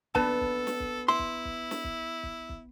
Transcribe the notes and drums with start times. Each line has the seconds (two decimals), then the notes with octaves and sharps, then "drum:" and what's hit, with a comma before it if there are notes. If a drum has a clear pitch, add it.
0.15 B3 D4 A4 B4 A5, drum: kick
0.41 drum: kick
0.67 drum: snare
0.80 drum: kick
1.08 E4 C6
1.19 drum: kick
1.45 drum: kick
1.71 drum: snare
1.84 drum: kick
2.23 drum: kick
2.49 drum: kick